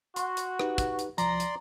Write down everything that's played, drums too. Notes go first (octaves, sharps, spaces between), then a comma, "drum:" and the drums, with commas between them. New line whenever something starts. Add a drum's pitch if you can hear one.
F#4 C6, drum: hi-hat
drum: hi-hat
D#4 G4 B4, drum: rim click
drum: kick, hi-hat
drum: hi-hat
C2 F3 D5 A#5 C6, drum: hi-hat
drum: hi-hat